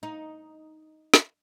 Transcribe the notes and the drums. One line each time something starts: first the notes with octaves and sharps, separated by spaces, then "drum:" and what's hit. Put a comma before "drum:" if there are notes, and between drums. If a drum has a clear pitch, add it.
D#4
drum: snare